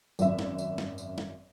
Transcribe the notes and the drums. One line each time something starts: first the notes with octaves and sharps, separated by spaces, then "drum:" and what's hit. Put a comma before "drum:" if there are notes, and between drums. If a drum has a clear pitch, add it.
G#1 F#2 E5, drum: tambourine
drum: snare
drum: tambourine
drum: snare
drum: tambourine
drum: snare